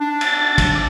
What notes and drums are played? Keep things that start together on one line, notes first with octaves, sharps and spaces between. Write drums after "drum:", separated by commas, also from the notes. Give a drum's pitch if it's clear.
D4
A6, drum: cymbal
drum: kick, cymbal
D6